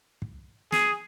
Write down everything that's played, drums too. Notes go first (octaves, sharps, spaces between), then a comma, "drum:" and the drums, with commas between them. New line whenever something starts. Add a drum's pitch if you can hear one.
drum: kick
G#4, drum: snare